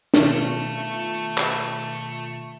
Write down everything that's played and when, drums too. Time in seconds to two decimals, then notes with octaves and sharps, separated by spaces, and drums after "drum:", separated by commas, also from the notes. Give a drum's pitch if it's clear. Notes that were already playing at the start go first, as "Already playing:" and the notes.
0.14 B2 D#3 A3 F4, drum: snare
1.38 drum: clap